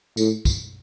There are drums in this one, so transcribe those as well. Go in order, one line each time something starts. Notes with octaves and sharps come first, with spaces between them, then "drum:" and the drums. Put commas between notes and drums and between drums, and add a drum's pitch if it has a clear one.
A2, drum: tambourine
drum: kick B1, tambourine